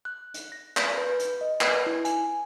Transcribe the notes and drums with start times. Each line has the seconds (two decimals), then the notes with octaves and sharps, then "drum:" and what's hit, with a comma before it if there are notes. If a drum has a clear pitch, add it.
0.05 F#6
0.34 drum: hi-hat
0.52 A#6
0.77 G6, drum: clap
0.98 B4
1.19 drum: hi-hat
1.41 D#5
1.61 B4, drum: clap
1.86 E4
2.05 G#5, drum: hi-hat